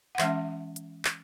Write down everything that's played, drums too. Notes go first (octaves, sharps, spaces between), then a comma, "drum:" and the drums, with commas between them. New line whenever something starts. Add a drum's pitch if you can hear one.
F#5
E3 G#3 C#4 E5, drum: clap
drum: hi-hat
drum: clap